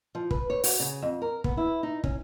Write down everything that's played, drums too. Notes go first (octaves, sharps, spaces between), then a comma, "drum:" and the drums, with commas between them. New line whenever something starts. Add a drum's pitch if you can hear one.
F3
B4, drum: kick
C#5
F#4, drum: open hi-hat
C#3
F2
A#4
B3, drum: kick
E4
D#4
C#4, drum: kick